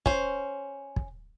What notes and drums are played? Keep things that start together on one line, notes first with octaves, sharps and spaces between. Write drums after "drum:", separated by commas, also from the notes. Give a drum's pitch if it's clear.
C#4 C5, drum: kick
drum: kick